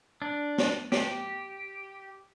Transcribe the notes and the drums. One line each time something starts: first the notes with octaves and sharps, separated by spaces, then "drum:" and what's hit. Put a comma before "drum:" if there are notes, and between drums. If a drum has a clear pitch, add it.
D4
drum: snare
G4, drum: snare